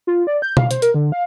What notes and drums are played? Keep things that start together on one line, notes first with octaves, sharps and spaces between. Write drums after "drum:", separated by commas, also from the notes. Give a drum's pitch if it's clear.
F4
D5
G6
F5, drum: tom B2
C5, drum: hi-hat
A#4, drum: hi-hat
D3
F5